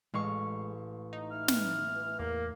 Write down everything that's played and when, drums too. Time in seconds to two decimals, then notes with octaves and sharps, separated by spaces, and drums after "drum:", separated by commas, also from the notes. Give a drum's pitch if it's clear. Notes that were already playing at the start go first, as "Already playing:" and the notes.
0.14 A1 G#3 F5 C#6
1.13 D#4
1.32 E3 F6
1.48 drum: snare
2.20 E2 A#3